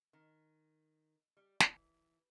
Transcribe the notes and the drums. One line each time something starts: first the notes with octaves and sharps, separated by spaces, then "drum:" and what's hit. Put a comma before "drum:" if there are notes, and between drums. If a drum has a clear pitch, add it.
D#3
G3
E3, drum: snare